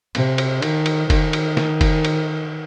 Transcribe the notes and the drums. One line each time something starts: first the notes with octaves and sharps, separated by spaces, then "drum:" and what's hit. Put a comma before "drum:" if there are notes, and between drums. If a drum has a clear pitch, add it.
C3, drum: cymbal
drum: cymbal
D#3, drum: cymbal
drum: cymbal
D#3, drum: kick F1, cymbal
drum: cymbal
drum: snare
drum: kick F1, cymbal
drum: cymbal